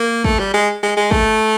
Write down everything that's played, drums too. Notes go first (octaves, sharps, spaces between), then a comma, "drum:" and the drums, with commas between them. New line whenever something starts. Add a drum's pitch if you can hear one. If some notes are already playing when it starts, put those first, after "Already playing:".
Already playing: A#3
A3, drum: kick
G3
G#3
G#3
G#3
A3, drum: kick